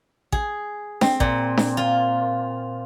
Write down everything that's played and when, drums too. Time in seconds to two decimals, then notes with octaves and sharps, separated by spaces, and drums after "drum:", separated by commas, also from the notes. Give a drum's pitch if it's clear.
0.32 G#4, drum: kick A1
1.01 C4, drum: snare D4
1.20 A#2, drum: kick A1
1.57 drum: snare D4
1.77 F4